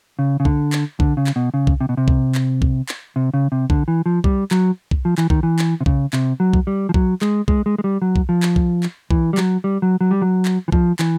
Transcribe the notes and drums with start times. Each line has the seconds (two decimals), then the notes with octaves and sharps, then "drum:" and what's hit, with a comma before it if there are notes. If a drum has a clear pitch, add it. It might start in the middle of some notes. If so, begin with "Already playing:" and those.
0.19 C#3
0.40 C#3
0.45 D3, drum: kick
0.73 drum: clap
1.00 D3, drum: kick
1.17 C#3
1.27 drum: clap
1.36 B2
1.54 C#3
1.67 drum: kick
1.81 C3
1.89 B2
1.97 C3
2.08 drum: kick
2.35 drum: clap
2.62 drum: kick
2.89 drum: clap
3.16 C3
3.34 C#3
3.52 C3
3.70 D3, drum: kick
3.88 E3
4.06 F3
4.24 G3, drum: kick
4.51 F#3, drum: clap
4.91 drum: kick
5.05 F3
5.18 E3, drum: clap
5.30 D#3, drum: kick
5.43 E3
5.59 drum: clap
5.81 C3
5.86 C#3, drum: kick
6.13 C3, drum: clap
6.40 F#3
6.54 drum: kick
6.67 G3
6.89 F3
6.94 F#3, drum: kick
7.22 G#3, drum: clap
7.48 G#3, drum: kick
7.66 G#3
7.79 G#3
7.84 G3
8.02 F#3
8.16 drum: kick
8.29 F3
8.43 drum: clap
8.56 drum: kick
8.83 drum: clap
9.11 E3, drum: kick
9.33 G3
9.37 F#3, drum: clap
9.64 G3
9.82 F#3
10.01 F#3
10.11 G3
10.22 F#3
10.45 drum: clap
10.68 E3
10.72 F3, drum: kick
10.99 E3, drum: clap